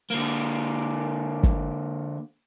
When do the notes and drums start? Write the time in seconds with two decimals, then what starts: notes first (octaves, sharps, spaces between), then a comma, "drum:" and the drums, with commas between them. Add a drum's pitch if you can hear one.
0.11 D3 A#3
1.44 drum: kick